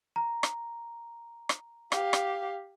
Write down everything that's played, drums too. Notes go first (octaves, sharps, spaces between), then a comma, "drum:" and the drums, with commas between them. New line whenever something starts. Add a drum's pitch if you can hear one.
A#5
drum: rim click
drum: rim click
G4 F5, drum: rim click
drum: rim click